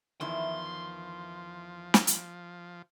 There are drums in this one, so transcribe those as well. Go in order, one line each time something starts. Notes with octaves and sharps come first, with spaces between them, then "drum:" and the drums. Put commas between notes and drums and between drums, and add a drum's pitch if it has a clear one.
E2 D#3 F3 E4 C6
drum: snare
drum: hi-hat